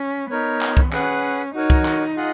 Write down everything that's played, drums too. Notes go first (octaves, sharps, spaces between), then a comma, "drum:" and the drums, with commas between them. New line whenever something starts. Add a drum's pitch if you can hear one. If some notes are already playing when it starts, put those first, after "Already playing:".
Already playing: C#4
B3 D#4 A#4 C#5
drum: clap
drum: kick C2
C#4 G#4 B4 F#5, drum: clap
D#4 F#4 A#4 C#5
drum: kick C2
drum: clap
F4 G#4 D#5 F#5